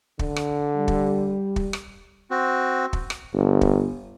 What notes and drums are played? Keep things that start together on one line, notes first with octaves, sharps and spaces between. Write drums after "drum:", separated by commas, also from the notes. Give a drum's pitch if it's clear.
D3, drum: kick
drum: rim click
G3
drum: kick
drum: kick
drum: rim click
C4 F#4
drum: kick
drum: rim click
G1
drum: kick